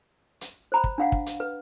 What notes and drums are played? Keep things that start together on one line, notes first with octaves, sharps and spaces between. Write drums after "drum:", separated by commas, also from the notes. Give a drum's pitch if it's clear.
drum: hi-hat
C5 A#5 B5
drum: kick
D4 F5 F#5
drum: kick
drum: hi-hat
B4